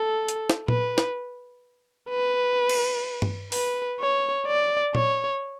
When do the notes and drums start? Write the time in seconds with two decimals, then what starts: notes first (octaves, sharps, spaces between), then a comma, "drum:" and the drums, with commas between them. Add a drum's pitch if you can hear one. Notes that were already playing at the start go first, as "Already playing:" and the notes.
Already playing: A4
0.29 drum: hi-hat
0.50 drum: snare
0.68 B4, drum: tom A#2
0.98 drum: snare
2.10 B4
2.69 drum: cymbal
3.22 drum: tom G2
3.52 B4, drum: open hi-hat
4.00 C#5
4.47 D5
4.95 C#5, drum: tom A#2